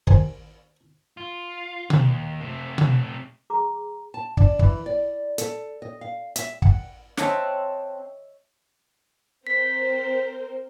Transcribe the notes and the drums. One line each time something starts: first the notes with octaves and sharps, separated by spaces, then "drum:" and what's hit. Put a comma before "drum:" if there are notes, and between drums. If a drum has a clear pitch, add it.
D#2 C5 G#5, drum: kick
F4
D#2, drum: tom B2
C3 A3
drum: tom B2
G#4 A#5 D6
A5
D4, drum: kick
E3, drum: kick
D5
A4, drum: hi-hat
D#5
F5
E5, drum: hi-hat
F#5, drum: kick
C4 C#5 D#5 E5 A5 F#6, drum: snare
C4 A#4 C5 B6